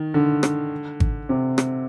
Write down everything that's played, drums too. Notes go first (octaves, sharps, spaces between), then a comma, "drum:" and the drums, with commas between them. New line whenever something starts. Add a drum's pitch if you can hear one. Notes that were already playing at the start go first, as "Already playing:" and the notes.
Already playing: D#3
D3
drum: rim click
drum: kick G#1
C3
drum: rim click